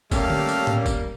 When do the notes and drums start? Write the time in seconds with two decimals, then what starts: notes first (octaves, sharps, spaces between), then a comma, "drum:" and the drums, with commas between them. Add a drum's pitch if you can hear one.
0.11 G3 A3 A#3 C#4 G4 F5 E6 F6, drum: kick, tambourine
0.30 drum: tom
0.49 drum: tambourine
0.67 drum: tom A2
0.86 drum: kick, tambourine